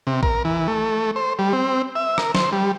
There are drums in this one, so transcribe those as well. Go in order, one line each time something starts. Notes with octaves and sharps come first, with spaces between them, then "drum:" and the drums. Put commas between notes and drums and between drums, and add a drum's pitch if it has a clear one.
C3
A#4, drum: kick A#1
E3
A3
C5
G3
C4
E5
A#4, drum: rim click
C5, drum: snare
G3